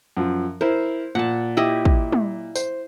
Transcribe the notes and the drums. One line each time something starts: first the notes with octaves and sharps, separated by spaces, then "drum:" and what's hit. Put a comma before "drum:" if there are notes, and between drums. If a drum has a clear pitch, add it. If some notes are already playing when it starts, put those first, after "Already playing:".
F#2 F3
E4 A#4 C5
A#2 F#5 A5
E4 G4 D#5
drum: kick
drum: tom
C5, drum: tambourine